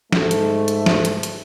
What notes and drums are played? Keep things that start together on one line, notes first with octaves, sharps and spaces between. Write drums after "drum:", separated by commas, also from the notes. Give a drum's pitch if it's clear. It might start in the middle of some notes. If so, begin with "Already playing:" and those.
G#2 A3, drum: snare
drum: hi-hat
drum: hi-hat
drum: snare
drum: hi-hat
drum: hi-hat